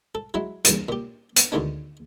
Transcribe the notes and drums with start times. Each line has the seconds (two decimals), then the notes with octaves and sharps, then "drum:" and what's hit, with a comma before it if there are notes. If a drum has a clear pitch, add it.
0.15 A4
0.34 F#3 G#3 E4
0.65 E2 G2 A#2, drum: hi-hat
0.89 A#2 G4
1.37 B3, drum: hi-hat
1.52 D2 A2 D#3 G#3 B3 D4